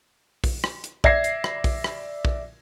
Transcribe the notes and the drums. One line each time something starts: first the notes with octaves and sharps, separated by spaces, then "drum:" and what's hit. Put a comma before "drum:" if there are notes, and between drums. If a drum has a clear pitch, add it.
drum: kick, open hi-hat
drum: rim click
drum: hi-hat
D5 E5 G#6 A#6 C7, drum: kick
drum: hi-hat
drum: rim click
drum: kick, open hi-hat
drum: rim click
drum: kick